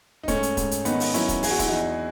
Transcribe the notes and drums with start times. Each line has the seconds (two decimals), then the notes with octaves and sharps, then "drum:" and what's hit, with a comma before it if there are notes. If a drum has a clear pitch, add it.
0.23 D#4
0.28 G#2 A3 C#4, drum: kick, hi-hat
0.43 drum: hi-hat
0.57 G#2, drum: kick, hi-hat
0.71 drum: hi-hat
0.85 D#3 B3 D#4, drum: hi-hat
1.00 drum: open hi-hat
1.14 F#3 C#4 E4, drum: hi-hat
1.29 drum: kick, hi-hat
1.43 E2 G#4, drum: open hi-hat
1.51 F#4
1.59 E4, drum: kick, hi-hat
1.68 E2 D#4 F#4